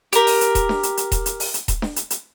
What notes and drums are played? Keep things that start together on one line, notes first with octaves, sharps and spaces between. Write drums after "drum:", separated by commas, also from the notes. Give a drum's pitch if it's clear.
G4 A#4, drum: hi-hat
drum: open hi-hat
drum: hi-hat
drum: kick D#1, hi-hat
drum: snare D4
drum: hi-hat
drum: hi-hat
drum: kick D#1, hi-hat
drum: hi-hat
drum: open hi-hat
drum: hi-hat
drum: kick D#1, hi-hat
drum: snare D4
drum: hi-hat
drum: hi-hat